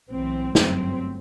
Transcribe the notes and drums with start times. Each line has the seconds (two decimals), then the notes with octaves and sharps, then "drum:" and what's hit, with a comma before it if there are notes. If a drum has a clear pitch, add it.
0.10 B1 A2 E3 C4
0.55 G1 F#2 F#3 A3 C4, drum: snare